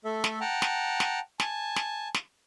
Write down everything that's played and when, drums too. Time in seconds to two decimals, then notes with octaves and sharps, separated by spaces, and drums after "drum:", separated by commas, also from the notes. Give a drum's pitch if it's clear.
0.05 A3 A4 E5
0.24 drum: snare
0.41 F#5 G5 A5 A#5
0.62 drum: snare
1.00 drum: snare
1.40 G#5 A5, drum: snare
1.76 drum: snare
2.14 drum: snare